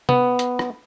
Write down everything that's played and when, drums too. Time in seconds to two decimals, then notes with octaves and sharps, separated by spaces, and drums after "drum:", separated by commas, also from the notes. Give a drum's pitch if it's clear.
0.09 B3, drum: tom
0.39 drum: hi-hat
0.59 drum: rim click